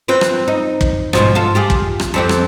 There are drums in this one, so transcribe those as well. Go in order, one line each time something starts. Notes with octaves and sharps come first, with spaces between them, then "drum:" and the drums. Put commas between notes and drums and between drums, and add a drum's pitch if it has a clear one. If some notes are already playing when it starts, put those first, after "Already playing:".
C4 F4 B4
drum: rim click
D#4
drum: kick
G#2 B2 F3, drum: rim click
F4 A4
F4 G4 G#4
drum: kick
drum: rim click
F2 C4 G4
drum: rim click